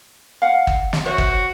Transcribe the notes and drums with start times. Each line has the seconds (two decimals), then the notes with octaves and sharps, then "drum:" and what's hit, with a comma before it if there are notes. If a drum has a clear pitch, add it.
0.42 F5 F#5
0.67 drum: kick
0.93 drum: snare
1.06 F#4 C5 C#5 E5
1.18 drum: kick